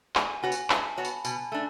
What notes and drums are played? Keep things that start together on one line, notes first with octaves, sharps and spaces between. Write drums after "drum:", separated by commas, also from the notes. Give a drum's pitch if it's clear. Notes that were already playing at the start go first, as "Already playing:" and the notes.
G#3 G#5, drum: clap
B3 F#4 C#5 G#5
drum: tambourine
G#3 A5, drum: clap
B3 F#4 C#5 A5
B5, drum: tambourine
A5
B2 G#5, drum: tambourine
A3 D4 A5